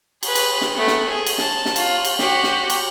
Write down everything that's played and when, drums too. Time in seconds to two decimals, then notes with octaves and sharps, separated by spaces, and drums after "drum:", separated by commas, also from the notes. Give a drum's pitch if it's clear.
0.23 G#4 B4, drum: cymbal
0.35 drum: cymbal
0.61 drum: snare
0.74 A3 B3
0.87 drum: snare
1.09 G#4
1.26 drum: cymbal
1.38 A5, drum: snare
1.66 drum: snare
1.76 F4, drum: cymbal
2.05 drum: cymbal
2.19 F#4 G4, drum: snare
2.44 drum: snare
2.70 drum: cymbal